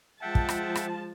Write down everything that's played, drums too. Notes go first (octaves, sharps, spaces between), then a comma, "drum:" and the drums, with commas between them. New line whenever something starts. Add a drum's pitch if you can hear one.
F3 G#3 E5 F#5 G5 A5
drum: kick
drum: rim click
drum: rim click